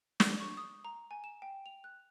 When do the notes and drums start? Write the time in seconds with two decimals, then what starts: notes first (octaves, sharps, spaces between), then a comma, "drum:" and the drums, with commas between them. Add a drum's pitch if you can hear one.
0.20 D6, drum: snare
0.40 C#6
0.57 D#6
0.85 A#5
1.11 G#5
1.24 E7
1.42 G5
1.66 F7
1.84 F#6